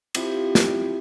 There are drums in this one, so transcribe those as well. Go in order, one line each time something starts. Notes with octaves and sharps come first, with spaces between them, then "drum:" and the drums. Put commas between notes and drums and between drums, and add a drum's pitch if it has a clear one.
F3 C4 E4 G4, drum: cymbal
drum: snare